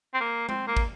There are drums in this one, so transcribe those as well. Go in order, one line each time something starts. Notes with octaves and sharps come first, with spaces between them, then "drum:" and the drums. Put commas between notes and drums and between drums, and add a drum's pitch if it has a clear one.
C4
A#3
C4, drum: tom G#3
A#3
drum: kick